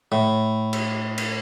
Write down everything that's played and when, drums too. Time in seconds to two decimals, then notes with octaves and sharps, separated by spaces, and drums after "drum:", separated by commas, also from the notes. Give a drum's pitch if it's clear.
0.12 A2
0.73 drum: cymbal
1.18 drum: cymbal